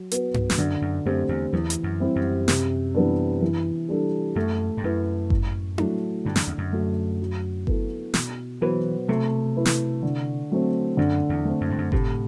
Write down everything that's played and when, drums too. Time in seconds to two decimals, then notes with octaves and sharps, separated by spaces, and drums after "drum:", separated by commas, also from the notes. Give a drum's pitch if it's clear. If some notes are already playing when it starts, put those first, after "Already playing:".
Already playing: F#3
0.11 B3 F#4 B4, drum: hi-hat
0.34 drum: tom G2
0.50 G2, drum: snare
0.58 F#2 D3
0.82 F#2
1.05 F#2 A3 C4 G4 C5
1.29 E2
1.53 E2 E3
1.70 drum: hi-hat
1.84 F#2
2.00 G3 C4 E4 G4
2.16 F#2
2.48 C3, drum: snare
2.95 E3 G3 B3 D4
3.42 E3
3.89 G3 D4 A4
4.36 F#2 A3
4.77 G2
4.84 F#2 E4 B4
5.30 A2, drum: kick G1
5.78 F#3 A3 E4, drum: tom D4
6.25 G2 D3
6.36 F#2, drum: snare
6.47 E2
6.58 F#2
6.72 F#3 A3
7.20 F#3
7.67 B3 E4 A4, drum: kick G1
8.14 B2, drum: snare
8.61 E3 F#3 B3 F#4 C5
9.08 C3 A3
9.56 E4 B4
9.65 drum: snare
10.03 D3
10.51 F#3 A3 C4
10.97 F#2 D3
11.29 E2
11.45 A3 C4
11.61 F#2
11.70 G2
11.78 F#2
11.92 A2 C3, drum: kick G1